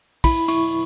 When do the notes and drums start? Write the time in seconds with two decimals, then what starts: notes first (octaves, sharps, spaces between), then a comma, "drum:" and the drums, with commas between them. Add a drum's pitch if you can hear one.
0.24 E4 B5, drum: kick, cymbal
0.48 E4 C#6, drum: cymbal